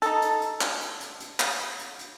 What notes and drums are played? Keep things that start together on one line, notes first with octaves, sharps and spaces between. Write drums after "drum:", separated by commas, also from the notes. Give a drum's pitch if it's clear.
D#4 A4, drum: hi-hat
drum: hi-hat
drum: hi-hat
drum: clap
drum: hi-hat
drum: hi-hat
drum: hi-hat
drum: clap
drum: hi-hat
drum: hi-hat
drum: hi-hat